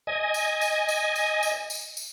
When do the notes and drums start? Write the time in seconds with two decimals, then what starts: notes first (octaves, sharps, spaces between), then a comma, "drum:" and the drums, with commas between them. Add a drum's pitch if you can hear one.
0.07 D#5 G#5
0.34 drum: tambourine
0.61 drum: tambourine
0.88 drum: tambourine
1.16 drum: tambourine
1.43 drum: tambourine
1.70 drum: tambourine
1.97 drum: tambourine